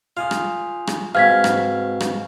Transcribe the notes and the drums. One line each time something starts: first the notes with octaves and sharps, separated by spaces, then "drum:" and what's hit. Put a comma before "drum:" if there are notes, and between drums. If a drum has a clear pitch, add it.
F4 F5 G#5 D#6
drum: rim click
drum: rim click
G#2 C4 F#4 B4 F5 F6 G#6 B6
drum: rim click
drum: rim click